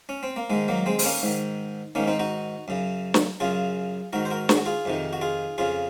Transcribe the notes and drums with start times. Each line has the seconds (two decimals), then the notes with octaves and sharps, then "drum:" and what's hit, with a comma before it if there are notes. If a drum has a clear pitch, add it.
0.09 C#4
0.23 C4
0.36 A#3
0.50 G#2 D#3 G#3
0.68 F#3 A#3
0.86 G#3 C4
0.99 C4, drum: open hi-hat
1.04 A#3 C#4
1.22 G#2 D#3
1.95 G#2 D#3 A#3 C#4
2.07 C4 D#4
2.19 D#4 F#4
2.68 F#2 C#3
3.14 drum: snare
3.40 F#2 C#3 F4 G#4
4.13 G#2 D#3 F#4 A#4
4.25 C5
4.31 F#4 A#4
4.49 G#4, drum: snare
4.57 F#4
4.66 F4 G#4
4.85 F2 C3 D#3
5.13 F#4
5.21 F4 G#4
5.58 F2 C#3 F4 G#4